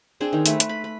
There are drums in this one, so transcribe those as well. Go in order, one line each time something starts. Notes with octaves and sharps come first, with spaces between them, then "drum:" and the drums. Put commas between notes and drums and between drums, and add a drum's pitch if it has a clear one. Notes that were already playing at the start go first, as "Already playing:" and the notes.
C4 D4 G#4
D#3
A3 B4, drum: hi-hat
drum: hi-hat
B5
B5